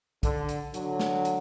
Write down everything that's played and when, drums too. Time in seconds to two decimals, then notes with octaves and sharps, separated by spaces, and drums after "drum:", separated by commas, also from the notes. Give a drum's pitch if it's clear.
0.23 D3, drum: kick B1, hi-hat
0.49 drum: hi-hat
0.74 D3 F#3, drum: hi-hat
0.99 drum: snare
1.25 drum: hi-hat